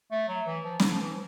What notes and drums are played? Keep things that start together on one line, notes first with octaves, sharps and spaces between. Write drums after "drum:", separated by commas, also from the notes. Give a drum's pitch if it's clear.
A3
F#3
E3
F3
drum: snare
F3
E3